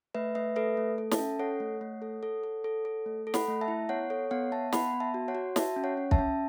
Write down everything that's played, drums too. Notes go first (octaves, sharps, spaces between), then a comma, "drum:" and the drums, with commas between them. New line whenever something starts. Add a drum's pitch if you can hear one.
A3 B4 E5
A3 B4 E5
A4 B4 E5
A3
A4
E5 A5, drum: snare
C#4
A4 C#5 F#5
A3
A3
A4
A4
A4
A4
A4
A3
A4
F#5 B5, drum: snare
A3
E5 A5
E4
B3 C#5 F#5
A4 C#5
B3 C#5 F#5
B3 E5 A5
B3 F#5 B5, drum: snare
B3
E5 A5
F#4
C#5 F#5
F#4
F#4 E5 A5, drum: snare
C#4
C#5 F#5
C#4
E5 A5, drum: kick
C#4